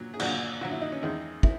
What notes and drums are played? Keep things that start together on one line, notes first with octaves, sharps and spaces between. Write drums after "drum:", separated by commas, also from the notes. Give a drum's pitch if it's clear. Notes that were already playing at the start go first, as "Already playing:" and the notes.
Already playing: A#2 F#3
G#4
A#2 F#3 F#4, drum: cymbal
A#2 F#3 F#4
E4
D#4
C#4
E2 D#3 G#3 D#4
E4, drum: kick